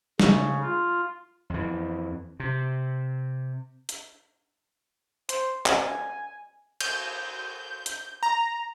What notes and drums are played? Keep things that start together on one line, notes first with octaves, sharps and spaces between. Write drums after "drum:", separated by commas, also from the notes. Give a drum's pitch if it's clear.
C#3, drum: snare
F4
F2 E3
C3
drum: hi-hat
C5, drum: hi-hat
G#5, drum: clap
G6, drum: cymbal
drum: hi-hat
A#5